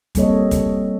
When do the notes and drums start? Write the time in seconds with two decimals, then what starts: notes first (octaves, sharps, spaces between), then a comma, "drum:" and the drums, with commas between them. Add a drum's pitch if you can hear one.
0.15 G3 A#3 C4 A4 C#5 D#5, drum: kick, hi-hat
0.51 drum: kick, hi-hat